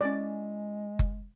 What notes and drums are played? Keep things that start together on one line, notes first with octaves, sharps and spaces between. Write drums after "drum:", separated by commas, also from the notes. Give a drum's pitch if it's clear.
G#3 C#4 E4 D5
drum: kick F#1